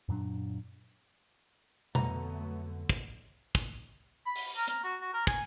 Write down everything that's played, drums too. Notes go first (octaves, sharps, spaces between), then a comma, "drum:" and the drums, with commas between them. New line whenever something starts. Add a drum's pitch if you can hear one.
F#2 A#2 F#3 D4
F2 D3 F#3 A3 B3 A#5, drum: tom B2
drum: kick
drum: kick
B5
drum: open hi-hat
A#4
A#4, drum: hi-hat
F#4
F#4
A#4
G#5, drum: kick